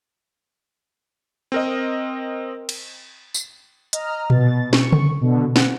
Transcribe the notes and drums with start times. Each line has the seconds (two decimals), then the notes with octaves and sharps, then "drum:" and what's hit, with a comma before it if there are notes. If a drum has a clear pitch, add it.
1.52 C4 A#4 D#5
2.69 drum: cymbal
3.34 drum: tambourine
3.93 D#5 A#5 F6, drum: hi-hat
4.30 B2 A6, drum: tom A#2
4.73 C#6, drum: snare
4.92 drum: tom C#3
5.21 B2 D3
5.56 F#5, drum: snare